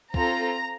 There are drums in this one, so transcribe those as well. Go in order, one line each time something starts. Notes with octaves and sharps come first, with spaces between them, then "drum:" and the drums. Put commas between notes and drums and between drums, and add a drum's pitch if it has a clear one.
C4 F4 A4 A#5, drum: kick